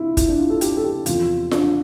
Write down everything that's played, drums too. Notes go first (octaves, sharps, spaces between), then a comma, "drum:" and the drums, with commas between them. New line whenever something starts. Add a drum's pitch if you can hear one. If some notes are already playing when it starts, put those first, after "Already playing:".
Already playing: C3 E4 F4
E4, drum: kick, hi-hat
D4
F4
A4
G4, drum: hi-hat
A4
G4
E2 C3 F3 F4, drum: hi-hat
D4, drum: snare F4